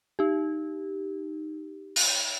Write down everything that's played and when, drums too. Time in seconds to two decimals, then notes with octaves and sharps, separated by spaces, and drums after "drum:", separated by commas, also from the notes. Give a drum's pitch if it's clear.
0.19 D#4 G4
1.96 drum: open hi-hat